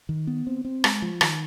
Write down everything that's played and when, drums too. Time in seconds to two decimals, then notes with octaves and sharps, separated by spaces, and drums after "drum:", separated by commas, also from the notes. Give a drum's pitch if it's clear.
0.09 D#3
0.27 B3
0.47 C4
0.65 C4
0.84 G#3, drum: rim click
1.02 F3
1.21 D#3, drum: rim click